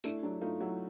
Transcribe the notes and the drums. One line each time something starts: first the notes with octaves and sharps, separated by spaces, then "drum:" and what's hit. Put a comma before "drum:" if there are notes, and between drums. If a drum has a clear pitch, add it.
A3 D4 E4, drum: tambourine
F#3 D4 E4
A3 D#4 F4
F#3 E4 F#4